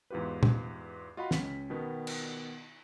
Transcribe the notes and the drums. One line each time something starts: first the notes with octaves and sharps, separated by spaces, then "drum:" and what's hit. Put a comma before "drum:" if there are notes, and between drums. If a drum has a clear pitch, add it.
E2 G#2 F4 G4 B4
drum: tom A#2
F4 F#4 D#5 F5 F#5 B5
C#2 C#4 B6, drum: snare
B2 D#3 B3
drum: cymbal